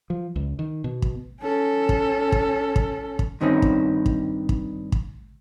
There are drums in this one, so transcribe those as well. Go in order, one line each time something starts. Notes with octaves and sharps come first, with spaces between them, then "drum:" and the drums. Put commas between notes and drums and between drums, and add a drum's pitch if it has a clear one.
F3
C#2
D#3
B2
drum: kick
C#4 A4
drum: kick
drum: kick
drum: kick
drum: kick
G2 D#3 C4 C#4 D#4
drum: kick
drum: kick
drum: kick
drum: kick